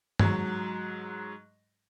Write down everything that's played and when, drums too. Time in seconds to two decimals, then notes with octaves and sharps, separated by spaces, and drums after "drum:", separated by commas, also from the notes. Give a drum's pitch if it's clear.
0.19 G#2 F#3, drum: tom G2